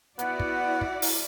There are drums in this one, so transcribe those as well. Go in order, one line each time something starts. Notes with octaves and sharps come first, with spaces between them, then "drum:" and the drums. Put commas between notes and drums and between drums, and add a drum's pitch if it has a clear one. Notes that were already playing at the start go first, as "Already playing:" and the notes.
B3 E4 F#4 D5 F#5, drum: hi-hat
drum: kick
drum: kick
drum: open hi-hat